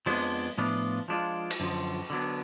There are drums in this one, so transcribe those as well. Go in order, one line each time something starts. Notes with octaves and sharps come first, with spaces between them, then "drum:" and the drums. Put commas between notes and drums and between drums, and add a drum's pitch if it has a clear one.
F2 F3 G#3 B3 D4, drum: open hi-hat
A2 F3 B3 D4 F4
F3 G#3 D4 F4
drum: cymbal
F#2 D3 F3
D3 F#3 B3 D4